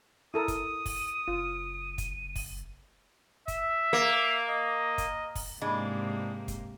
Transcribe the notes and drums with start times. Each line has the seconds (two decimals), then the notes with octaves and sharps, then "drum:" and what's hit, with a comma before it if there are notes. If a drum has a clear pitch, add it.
0.34 E4 A4 A#4 D#6 D#7
0.48 drum: kick, hi-hat
0.86 drum: kick, open hi-hat
1.28 F#1 F4
1.98 drum: kick, hi-hat
2.36 drum: kick, open hi-hat
3.48 E5, drum: kick, hi-hat
3.93 A#3
4.49 D#5
4.98 drum: kick, hi-hat
5.35 drum: kick, open hi-hat
5.61 G#2 C3 E3 G#3 A#3 D4
6.48 drum: kick, hi-hat